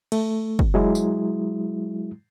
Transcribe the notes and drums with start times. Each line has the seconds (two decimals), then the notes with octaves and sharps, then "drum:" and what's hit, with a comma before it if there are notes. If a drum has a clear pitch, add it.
0.12 A3, drum: cymbal
0.59 drum: kick
0.74 F#3 G#3 E4
0.95 drum: tambourine